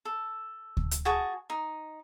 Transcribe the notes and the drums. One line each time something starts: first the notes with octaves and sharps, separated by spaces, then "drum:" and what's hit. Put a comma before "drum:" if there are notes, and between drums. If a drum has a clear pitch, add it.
A4
drum: kick D2
drum: hi-hat
F#4 G#4 A5
D#4